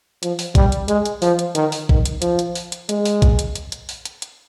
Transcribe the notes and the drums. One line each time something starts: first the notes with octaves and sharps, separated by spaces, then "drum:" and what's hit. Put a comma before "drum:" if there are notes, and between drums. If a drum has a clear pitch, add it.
F3, drum: hi-hat
drum: open hi-hat
G3, drum: kick A#1, hi-hat
drum: hi-hat
G#3, drum: hi-hat
drum: hi-hat
F3, drum: open hi-hat
drum: hi-hat
D#3, drum: hi-hat
drum: open hi-hat
D#3, drum: kick A#1
drum: hi-hat
F3, drum: hi-hat
drum: hi-hat
drum: open hi-hat
drum: hi-hat
G#3, drum: hi-hat
drum: open hi-hat
drum: kick A#1, hi-hat
drum: hi-hat
drum: hi-hat
drum: hi-hat
drum: open hi-hat
drum: hi-hat
drum: hi-hat